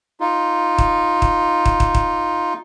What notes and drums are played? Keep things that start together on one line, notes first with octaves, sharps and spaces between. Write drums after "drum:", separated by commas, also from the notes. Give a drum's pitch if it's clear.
D#4 F4
drum: kick
drum: kick
drum: kick
drum: kick
drum: kick